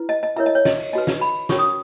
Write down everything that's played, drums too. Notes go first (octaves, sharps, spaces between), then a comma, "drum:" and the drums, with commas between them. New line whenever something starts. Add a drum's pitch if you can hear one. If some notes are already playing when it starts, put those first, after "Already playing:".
Already playing: E4 B4
D#5
D#5
E4 A#4 C#5 E5
D#5
C#5
D#5, drum: snare
drum: open hi-hat
D#4 F#4 B4 D#5
drum: snare
B5
C#4 F#4 A#4 C#5 C#6, drum: snare
D#6